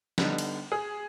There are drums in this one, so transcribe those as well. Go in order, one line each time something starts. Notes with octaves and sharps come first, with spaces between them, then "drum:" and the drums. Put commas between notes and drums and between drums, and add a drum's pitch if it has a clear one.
D3 G3 B3 D#4, drum: snare
drum: cymbal
G#4